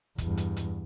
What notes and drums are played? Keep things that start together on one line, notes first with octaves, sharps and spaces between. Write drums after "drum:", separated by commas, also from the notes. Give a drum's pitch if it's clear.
E2 G2, drum: kick, hi-hat
drum: hi-hat
drum: hi-hat